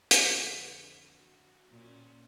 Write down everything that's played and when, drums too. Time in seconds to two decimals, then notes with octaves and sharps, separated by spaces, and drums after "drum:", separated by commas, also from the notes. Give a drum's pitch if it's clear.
0.11 F2 D3, drum: hi-hat
1.01 F#4
1.70 A#2 C#4